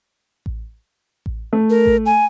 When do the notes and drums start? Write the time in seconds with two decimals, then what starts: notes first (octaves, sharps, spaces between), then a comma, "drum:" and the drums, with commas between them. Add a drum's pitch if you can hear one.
0.46 drum: kick A1
1.26 drum: kick A1
1.53 A3
1.70 A#4
1.86 drum: kick A1
2.06 G#5